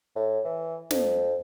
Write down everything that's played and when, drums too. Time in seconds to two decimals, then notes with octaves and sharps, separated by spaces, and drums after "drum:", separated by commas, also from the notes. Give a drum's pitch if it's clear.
0.16 A2
0.45 E3
0.91 F2, drum: snare